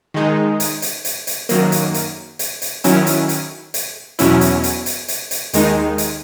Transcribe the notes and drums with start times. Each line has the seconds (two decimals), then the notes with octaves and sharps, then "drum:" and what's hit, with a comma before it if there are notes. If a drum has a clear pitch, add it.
0.14 D#3 G#3 D#4
0.60 drum: hi-hat
0.82 drum: hi-hat
1.05 drum: hi-hat
1.27 drum: hi-hat
1.49 F#2 D#3 F#3 A#3, drum: hi-hat
1.72 drum: hi-hat
1.94 drum: hi-hat
2.39 drum: hi-hat
2.62 drum: hi-hat
2.84 D#3 F#3 C#4 E4, drum: hi-hat
3.07 drum: hi-hat
3.29 drum: hi-hat
3.74 drum: hi-hat
4.19 E2 B2 F#3 C#4 E4, drum: hi-hat
4.41 drum: hi-hat
4.64 drum: hi-hat
4.86 drum: hi-hat
5.08 drum: hi-hat
5.31 drum: hi-hat
5.54 D#2 D#3 G#3 D#4, drum: hi-hat
5.98 drum: hi-hat